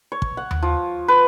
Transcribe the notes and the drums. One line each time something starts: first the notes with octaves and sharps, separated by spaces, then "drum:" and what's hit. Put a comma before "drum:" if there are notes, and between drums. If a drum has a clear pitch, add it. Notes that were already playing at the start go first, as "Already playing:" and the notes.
C#5
drum: kick
F#5
drum: tom D#2
F3
B4